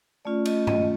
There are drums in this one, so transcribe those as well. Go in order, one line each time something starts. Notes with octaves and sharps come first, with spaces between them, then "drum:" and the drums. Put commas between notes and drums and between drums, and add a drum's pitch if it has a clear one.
A3 C#4 F4 D5
D#5, drum: cymbal
D#5, drum: tom G2